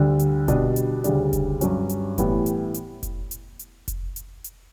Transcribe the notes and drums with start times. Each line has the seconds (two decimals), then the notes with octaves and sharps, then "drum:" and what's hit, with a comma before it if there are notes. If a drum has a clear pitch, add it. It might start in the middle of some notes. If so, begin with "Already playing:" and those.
Already playing: D2 D3 G3
0.19 drum: hi-hat
0.48 B2 G3 D4, drum: kick F1, hi-hat
0.76 drum: hi-hat
1.04 D2 C#3 G3 D4, drum: hi-hat
1.33 drum: kick F1, hi-hat
1.61 G2 F#3 C#4, drum: hi-hat
1.89 drum: hi-hat
2.18 A2 E3 G3 B3 E4, drum: kick F1, hi-hat
2.46 drum: hi-hat
2.74 drum: hi-hat
3.03 drum: kick F1, hi-hat
3.31 drum: hi-hat
3.59 drum: hi-hat
3.88 drum: kick F1, hi-hat
4.16 drum: hi-hat
4.44 drum: hi-hat